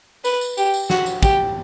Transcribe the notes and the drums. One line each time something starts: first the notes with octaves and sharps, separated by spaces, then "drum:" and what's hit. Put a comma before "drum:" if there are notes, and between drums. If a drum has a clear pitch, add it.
B4, drum: tambourine
drum: tambourine
G4, drum: tambourine
drum: tambourine
F#4, drum: snare
drum: tambourine
G4, drum: kick, tambourine